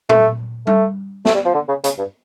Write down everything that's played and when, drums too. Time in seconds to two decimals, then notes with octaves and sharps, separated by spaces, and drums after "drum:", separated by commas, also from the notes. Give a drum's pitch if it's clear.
0.09 A3, drum: tom A#2
0.67 A3, drum: tom G3
1.25 A3, drum: snare
1.35 G3
1.45 F3
1.54 D3
1.68 C#3
1.84 C#3, drum: hi-hat
1.98 G2